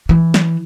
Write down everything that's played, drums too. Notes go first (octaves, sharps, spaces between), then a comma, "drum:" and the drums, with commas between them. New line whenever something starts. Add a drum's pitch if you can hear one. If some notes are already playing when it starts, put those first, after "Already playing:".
E3
drum: snare